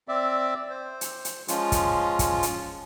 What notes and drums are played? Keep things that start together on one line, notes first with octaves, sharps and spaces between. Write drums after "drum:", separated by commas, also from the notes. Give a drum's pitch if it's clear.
C4 D5 E5
C5
drum: hi-hat
drum: hi-hat
F3 G#3 C#4 F4, drum: hi-hat
drum: kick, hi-hat
drum: kick, hi-hat
drum: hi-hat